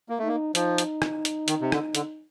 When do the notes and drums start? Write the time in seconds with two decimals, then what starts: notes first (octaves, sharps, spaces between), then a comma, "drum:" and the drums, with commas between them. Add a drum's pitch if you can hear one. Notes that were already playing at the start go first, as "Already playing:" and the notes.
0.09 A#3
0.19 A3
0.23 A#3 D#4
0.55 F3 D#4, drum: hi-hat
0.78 drum: hi-hat
1.02 drum: rim click
1.25 drum: hi-hat
1.48 D#3, drum: hi-hat
1.61 C3
1.72 D3, drum: rim click
1.95 D3, drum: hi-hat